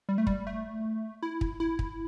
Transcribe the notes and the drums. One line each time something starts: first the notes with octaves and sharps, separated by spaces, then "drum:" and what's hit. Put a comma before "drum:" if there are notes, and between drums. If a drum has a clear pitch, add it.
G3
A3
G3, drum: kick
A3
E4
drum: kick
E4
drum: kick